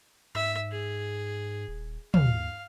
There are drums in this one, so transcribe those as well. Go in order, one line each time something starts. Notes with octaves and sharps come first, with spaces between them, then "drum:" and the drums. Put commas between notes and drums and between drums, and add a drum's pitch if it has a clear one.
G#2 E5
G#4
D#1
D#2 F5, drum: tom